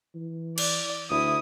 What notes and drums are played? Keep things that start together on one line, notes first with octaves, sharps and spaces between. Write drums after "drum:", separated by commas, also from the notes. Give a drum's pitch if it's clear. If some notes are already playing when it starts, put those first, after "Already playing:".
E3
D5, drum: cymbal
D2 E4 D#6